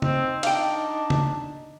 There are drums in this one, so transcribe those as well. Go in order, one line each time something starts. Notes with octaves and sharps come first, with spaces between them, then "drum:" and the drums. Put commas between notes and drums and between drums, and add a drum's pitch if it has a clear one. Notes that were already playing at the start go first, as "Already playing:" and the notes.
C4 D#4, drum: tom C#3
D4 F5 G5, drum: cymbal
drum: tom C#3